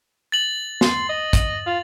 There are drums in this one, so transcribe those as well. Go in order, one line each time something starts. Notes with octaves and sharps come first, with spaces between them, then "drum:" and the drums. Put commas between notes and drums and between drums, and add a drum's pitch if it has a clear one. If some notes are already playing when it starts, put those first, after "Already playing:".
A6 F#7
C6, drum: snare
D#5
drum: kick, hi-hat
F4